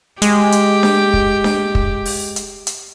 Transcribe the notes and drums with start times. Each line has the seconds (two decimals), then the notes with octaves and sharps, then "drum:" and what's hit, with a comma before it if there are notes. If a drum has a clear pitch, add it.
0.22 G#3 G4, drum: hi-hat
0.52 drum: hi-hat
0.83 drum: snare D4
1.14 drum: kick
1.44 drum: snare D4
1.75 drum: kick
2.05 drum: open hi-hat
2.36 drum: hi-hat
2.67 drum: hi-hat